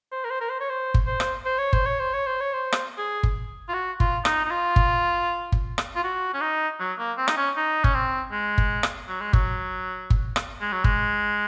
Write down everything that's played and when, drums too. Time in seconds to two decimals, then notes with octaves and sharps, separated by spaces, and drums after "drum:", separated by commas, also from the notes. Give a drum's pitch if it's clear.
0.12 C5
0.25 A#4
0.30 C5
0.41 A#4
0.49 C5
0.60 C#5
0.69 C5
0.94 drum: kick G1
1.07 C5
1.20 drum: rim click
1.45 C5
1.58 C#5
1.73 C5, drum: kick G1
1.86 C#5
2.00 C5
2.13 C#5
2.27 C5
2.40 C#5
2.54 C5
2.72 drum: rim click
2.98 G#4
3.23 drum: kick G1
3.69 F4
3.74 F#4
4.00 F4, drum: kick G1
4.25 D#4, drum: rim click
4.45 D#4
4.51 F4
4.76 drum: kick G1
5.52 drum: kick G1
5.78 drum: rim click
5.96 F4
6.04 F#4
6.34 C#4
6.41 D#4
6.80 F#3
6.99 A#3
7.18 C4
7.28 D#4, drum: rim click
7.37 C#4
7.56 D#4
7.84 C#4, drum: kick G1
7.94 C4
8.32 G#3
8.58 drum: kick G1
8.83 drum: rim click
9.09 F#3
9.21 G#3
9.33 F#3, drum: kick G1
10.10 drum: kick G1
10.36 drum: rim click
10.61 G#3
10.73 F#3
10.84 G#3, drum: kick G1